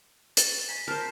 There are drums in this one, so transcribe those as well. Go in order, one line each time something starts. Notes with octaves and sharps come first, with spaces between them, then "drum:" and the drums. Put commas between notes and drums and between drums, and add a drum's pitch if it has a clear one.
C#5 A6, drum: hi-hat
G#5 A#5 B6
A#4 C5 A5 F#6 G6